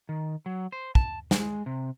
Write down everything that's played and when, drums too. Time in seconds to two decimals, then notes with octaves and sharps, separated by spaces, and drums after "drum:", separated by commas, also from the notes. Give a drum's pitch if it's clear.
0.09 D#3
0.46 F#3
0.72 C5
0.95 A5, drum: kick
1.31 G#3, drum: snare
1.66 C3